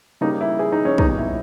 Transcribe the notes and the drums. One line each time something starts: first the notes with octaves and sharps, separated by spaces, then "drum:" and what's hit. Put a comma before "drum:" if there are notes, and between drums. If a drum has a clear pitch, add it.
C#3 G3 A#3 D#4
E4
G#4
D#4
C#4
A#2 G3 B3 D#4, drum: kick
E4